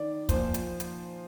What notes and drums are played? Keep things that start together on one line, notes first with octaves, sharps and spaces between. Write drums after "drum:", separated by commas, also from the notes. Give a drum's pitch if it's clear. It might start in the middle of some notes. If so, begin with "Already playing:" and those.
Already playing: D#3 D5
A#2 F3 C5, drum: kick, hi-hat
drum: hi-hat
drum: hi-hat